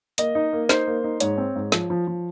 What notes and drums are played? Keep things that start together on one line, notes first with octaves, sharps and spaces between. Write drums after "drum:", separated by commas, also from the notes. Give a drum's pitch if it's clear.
A#3 D#5, drum: hi-hat
D#4
A#3
D#4 C5, drum: snare
A#3
D#4
G#2 C#5, drum: hi-hat
C4
G#2
F3, drum: snare
F3
F3